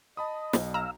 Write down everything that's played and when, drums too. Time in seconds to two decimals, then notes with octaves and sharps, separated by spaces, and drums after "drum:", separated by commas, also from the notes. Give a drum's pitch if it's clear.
0.17 D#5 A5 B5 D#6
0.53 B1, drum: snare
0.74 F5 A#5 E6